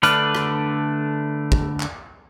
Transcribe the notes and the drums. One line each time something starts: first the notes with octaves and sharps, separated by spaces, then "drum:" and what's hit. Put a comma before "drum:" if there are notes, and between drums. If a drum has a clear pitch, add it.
D3 A3 D4 B4 F6, drum: hi-hat
drum: rim click
drum: kick
drum: clap